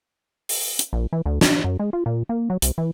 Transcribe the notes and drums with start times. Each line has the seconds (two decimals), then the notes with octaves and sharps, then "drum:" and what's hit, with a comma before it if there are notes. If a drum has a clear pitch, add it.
0.49 drum: open hi-hat
0.79 drum: hi-hat
0.93 A#1
1.13 E3
1.26 D2
1.41 D4, drum: snare
1.64 F#2
1.80 G#3
1.93 F4
2.06 A#2
2.29 A#3
2.50 F#3
2.62 C2, drum: hi-hat
2.78 E3